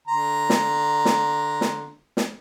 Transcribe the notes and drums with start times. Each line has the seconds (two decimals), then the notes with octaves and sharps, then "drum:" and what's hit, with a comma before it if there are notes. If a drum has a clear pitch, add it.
0.08 D3 A#5 C6
0.50 drum: snare
1.05 drum: snare
1.61 drum: snare
2.17 drum: snare